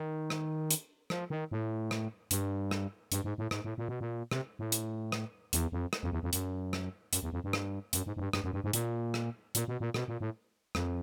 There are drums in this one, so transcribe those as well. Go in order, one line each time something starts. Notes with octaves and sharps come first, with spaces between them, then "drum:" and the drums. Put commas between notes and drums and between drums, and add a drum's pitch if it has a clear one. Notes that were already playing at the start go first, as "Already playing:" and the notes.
Already playing: D#3
drum: rim click
drum: hi-hat
F3, drum: rim click
D#3
A2
drum: rim click
G2, drum: hi-hat
drum: rim click
G2, drum: hi-hat
G#2
A2
G#2, drum: rim click
A2
A#2
B2
A#2
C3, drum: rim click
A2
drum: hi-hat
drum: rim click
E2, drum: hi-hat
F2
drum: rim click
F2
E2
F2
F#2, drum: hi-hat
drum: rim click
F#2, drum: hi-hat
E2
F2
G2
drum: rim click
F#2, drum: hi-hat
G#2
G#2
G2
G2, drum: rim click
F#2
G2
G#2
A#2, drum: hi-hat
drum: rim click
A#2, drum: hi-hat
B2
A#2
B2, drum: rim click
A#2
A2
F2, drum: rim click